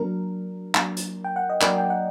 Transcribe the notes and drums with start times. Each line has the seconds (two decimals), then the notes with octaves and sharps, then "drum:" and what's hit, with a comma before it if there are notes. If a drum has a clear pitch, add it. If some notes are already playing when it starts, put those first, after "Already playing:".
Already playing: F#3 A#3 D4 A#4
0.75 F#3 A#3 D4, drum: clap
0.97 drum: hi-hat
1.24 G5
1.36 F#5
1.50 D#5
1.61 F#3 A#3 D4 A#4 D5, drum: clap
1.78 G5
1.90 F#5